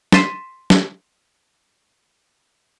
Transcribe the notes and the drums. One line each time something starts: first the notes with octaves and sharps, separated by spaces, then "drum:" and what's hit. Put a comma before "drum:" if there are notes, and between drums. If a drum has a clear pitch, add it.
C6 A6 B6 C7 D#7 E7, drum: snare
drum: snare